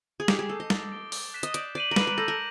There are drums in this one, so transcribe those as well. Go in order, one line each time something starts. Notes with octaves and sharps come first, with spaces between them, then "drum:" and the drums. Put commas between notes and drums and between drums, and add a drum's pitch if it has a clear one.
G#4
G4 D6, drum: snare
G#4
A4 G6 C7
D#5
A6, drum: snare
D7 G7
D6, drum: open hi-hat
F#6 B6 E7
D#5, drum: hi-hat
D5 G6, drum: hi-hat
D5 C7 D#7 F#7
A#4
B4 D6, drum: snare
A#4
A4 G6 A#6
A#4